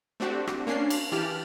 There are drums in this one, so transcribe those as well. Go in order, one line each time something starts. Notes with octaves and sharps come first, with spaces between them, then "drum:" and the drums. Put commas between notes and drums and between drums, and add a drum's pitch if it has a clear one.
A3 C4 D4 F#4 G4
drum: rim click
A#3 C#4 D4 C7
drum: cymbal
E3 G4 A5 F6